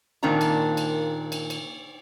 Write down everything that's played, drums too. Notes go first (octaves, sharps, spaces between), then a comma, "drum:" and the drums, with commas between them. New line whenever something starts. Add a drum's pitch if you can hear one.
A#2 D#3 A#3 C4 D4 A#5
drum: cymbal
drum: cymbal
drum: cymbal
drum: cymbal